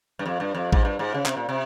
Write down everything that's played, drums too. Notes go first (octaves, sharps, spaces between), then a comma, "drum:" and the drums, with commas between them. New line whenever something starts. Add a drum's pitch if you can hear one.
G2
F2
G2
F2
G#2, drum: kick A1
G2
G#2
C#3
C3, drum: clap
A#2
C3